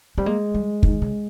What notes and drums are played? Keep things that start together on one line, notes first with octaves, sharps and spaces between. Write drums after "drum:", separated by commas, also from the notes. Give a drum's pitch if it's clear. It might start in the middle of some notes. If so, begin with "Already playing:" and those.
G3 C4
G#3 A#3
G3
D#3, drum: kick
C#3